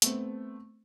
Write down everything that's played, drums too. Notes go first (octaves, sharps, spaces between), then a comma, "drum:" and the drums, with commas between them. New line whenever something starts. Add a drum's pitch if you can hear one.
A3 B3 C4, drum: hi-hat